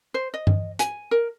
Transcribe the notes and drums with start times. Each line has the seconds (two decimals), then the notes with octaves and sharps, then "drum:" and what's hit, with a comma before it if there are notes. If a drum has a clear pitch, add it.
0.14 C5
0.34 D#5
0.47 drum: tom G2
0.79 G#5, drum: hi-hat
1.11 A#4